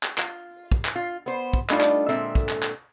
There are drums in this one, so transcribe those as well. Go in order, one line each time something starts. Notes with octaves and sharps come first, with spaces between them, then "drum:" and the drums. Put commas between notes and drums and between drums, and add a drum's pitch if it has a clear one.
drum: clap
F4, drum: clap
drum: kick
drum: clap
F4
B3 C5
drum: kick
G3 A3 D4 D#4 F4 A4, drum: clap
drum: clap
A#2 D3 G#3 C4 A4 E5
drum: kick
drum: clap
drum: clap